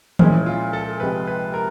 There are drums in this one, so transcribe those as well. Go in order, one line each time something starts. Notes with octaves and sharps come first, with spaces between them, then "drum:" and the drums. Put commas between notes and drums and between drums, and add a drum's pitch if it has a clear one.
A#2 F3 G#3 C#4 E4, drum: tom D#3
F4
A4
C#2 C3 F3 G#3 B4
B4
A#4